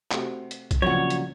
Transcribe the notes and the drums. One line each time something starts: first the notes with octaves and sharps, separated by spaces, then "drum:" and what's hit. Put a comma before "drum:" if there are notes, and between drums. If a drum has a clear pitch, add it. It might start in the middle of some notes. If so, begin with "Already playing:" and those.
C3 A3 F#4, drum: clap
drum: hi-hat
drum: kick, hi-hat
C2 A#2 C#3 F3 F#3 C#5 D5 F#5
drum: hi-hat